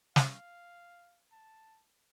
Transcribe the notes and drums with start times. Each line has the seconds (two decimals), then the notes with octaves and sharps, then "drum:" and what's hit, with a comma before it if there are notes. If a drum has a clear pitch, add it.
0.16 F5, drum: snare
1.32 A5